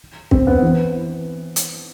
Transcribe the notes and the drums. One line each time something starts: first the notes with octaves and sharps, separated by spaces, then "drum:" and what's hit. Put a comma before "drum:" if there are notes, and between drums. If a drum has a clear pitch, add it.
C4, drum: kick
B3
E3
drum: hi-hat